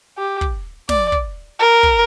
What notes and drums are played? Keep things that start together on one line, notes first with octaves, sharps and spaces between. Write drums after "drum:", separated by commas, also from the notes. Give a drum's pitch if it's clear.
G4
drum: kick
D5, drum: snare
drum: kick
A#4
drum: kick